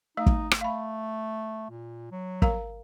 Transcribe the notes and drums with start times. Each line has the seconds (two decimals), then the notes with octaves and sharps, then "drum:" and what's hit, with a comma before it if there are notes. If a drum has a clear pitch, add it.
0.17 A3 D#4 F5
0.26 drum: kick
0.51 drum: rim click
0.61 A3 F5 B5
1.70 A#2
2.12 F#3
2.42 A#4 F5 A#5, drum: kick